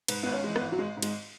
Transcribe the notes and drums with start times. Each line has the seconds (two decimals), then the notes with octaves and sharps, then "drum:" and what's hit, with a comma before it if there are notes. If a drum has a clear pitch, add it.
0.08 G#2 B4, drum: cymbal
0.23 G#1 B3
0.32 C#4
0.43 E3 G#3
0.56 B3, drum: rim click
0.61 G#1
0.72 F#3
0.79 G#1 G#3
0.97 G#2
1.02 G#3, drum: cymbal